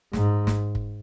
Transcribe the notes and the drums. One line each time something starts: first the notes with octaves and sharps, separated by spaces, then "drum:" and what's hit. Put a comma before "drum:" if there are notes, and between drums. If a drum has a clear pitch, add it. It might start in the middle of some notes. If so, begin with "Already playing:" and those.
G#2, drum: snare
drum: snare
drum: kick